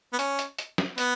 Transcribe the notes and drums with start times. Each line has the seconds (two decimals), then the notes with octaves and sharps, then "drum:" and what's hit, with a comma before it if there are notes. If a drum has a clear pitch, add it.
0.13 B3
0.19 C#4, drum: hi-hat
0.39 drum: hi-hat
0.58 drum: hi-hat
0.78 drum: snare
0.98 B3, drum: hi-hat